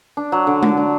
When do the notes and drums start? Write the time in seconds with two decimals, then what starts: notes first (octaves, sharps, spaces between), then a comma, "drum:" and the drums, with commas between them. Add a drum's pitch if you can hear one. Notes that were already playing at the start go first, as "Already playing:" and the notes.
0.17 D4
0.32 F#3
0.47 D3
0.63 D3, drum: tom G#3
0.77 D4